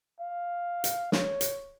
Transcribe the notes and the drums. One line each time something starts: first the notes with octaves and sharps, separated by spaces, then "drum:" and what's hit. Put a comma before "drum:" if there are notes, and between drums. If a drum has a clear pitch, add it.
F5
drum: hi-hat
C#5, drum: snare
drum: hi-hat